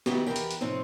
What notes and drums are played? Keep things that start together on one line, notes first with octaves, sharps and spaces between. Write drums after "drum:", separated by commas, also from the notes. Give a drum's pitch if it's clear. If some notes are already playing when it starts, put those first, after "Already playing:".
D#3 B3 E4 F#4 G4 B4, drum: snare
E2 E3 G4 A#4 G5
drum: hi-hat
drum: hi-hat
A2 C3 F3 C4 D#4